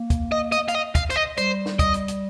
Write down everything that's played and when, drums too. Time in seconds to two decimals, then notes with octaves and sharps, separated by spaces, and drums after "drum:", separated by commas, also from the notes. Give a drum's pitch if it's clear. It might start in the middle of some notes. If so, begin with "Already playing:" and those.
Already playing: A#3
0.10 drum: kick, hi-hat
0.32 D#5
0.52 D#5, drum: hi-hat
0.68 F5, drum: hi-hat
0.74 D#5
0.95 F5, drum: kick, hi-hat
1.10 C5, drum: hi-hat
1.16 D#5
1.37 G3 C5, drum: hi-hat
1.66 drum: snare
1.79 D#5, drum: kick, hi-hat
1.94 drum: hi-hat
2.08 drum: hi-hat